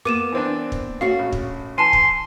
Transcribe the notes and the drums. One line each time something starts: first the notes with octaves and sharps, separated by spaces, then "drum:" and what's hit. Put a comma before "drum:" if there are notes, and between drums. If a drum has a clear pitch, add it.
A#3 B3 D6 D#7 E7
E3 C4 D4
drum: kick
A3 C#4 F#4 F5
A#1
drum: kick
E3 G#5 A5 C6
drum: kick